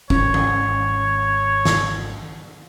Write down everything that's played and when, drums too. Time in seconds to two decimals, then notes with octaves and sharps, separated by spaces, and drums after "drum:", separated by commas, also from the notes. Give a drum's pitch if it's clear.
0.10 G#1 C#4 C#5, drum: kick
0.34 drum: tom D#3
1.65 drum: snare